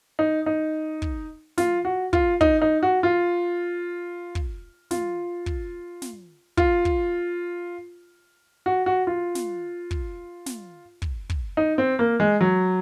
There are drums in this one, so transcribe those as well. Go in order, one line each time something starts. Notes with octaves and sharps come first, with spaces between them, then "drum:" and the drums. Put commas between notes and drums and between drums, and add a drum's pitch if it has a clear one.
D#4
D#4
drum: kick
F4, drum: snare
F#4
F4, drum: kick
D#4, drum: kick
D#4
F#4
F4
drum: kick
F4, drum: snare
drum: kick
drum: snare
F4, drum: kick
drum: kick
F#4
F#4
F4
drum: snare
drum: kick
drum: snare
drum: kick
drum: kick
D#4
C4
A#3
G#3
F#3